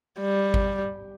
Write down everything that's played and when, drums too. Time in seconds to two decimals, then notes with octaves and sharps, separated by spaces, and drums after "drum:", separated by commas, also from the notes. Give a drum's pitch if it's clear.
0.21 G3
0.54 drum: kick G#1